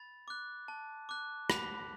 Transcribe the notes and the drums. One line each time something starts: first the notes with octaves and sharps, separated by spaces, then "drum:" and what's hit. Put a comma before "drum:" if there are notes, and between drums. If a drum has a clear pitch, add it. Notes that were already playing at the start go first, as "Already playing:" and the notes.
Already playing: B5 A6
D6 F#6
A5
D6 F#6
B5 B6, drum: rim click